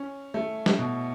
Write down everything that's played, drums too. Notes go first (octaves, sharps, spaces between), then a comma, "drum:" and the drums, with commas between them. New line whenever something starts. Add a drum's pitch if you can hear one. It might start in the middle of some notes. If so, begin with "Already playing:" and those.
Already playing: C#4
A3
drum: snare
B2